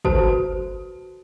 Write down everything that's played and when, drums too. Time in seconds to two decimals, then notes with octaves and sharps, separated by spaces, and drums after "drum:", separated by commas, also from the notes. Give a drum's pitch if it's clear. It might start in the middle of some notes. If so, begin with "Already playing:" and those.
0.05 F#4 A4 B4 C5 A5, drum: kick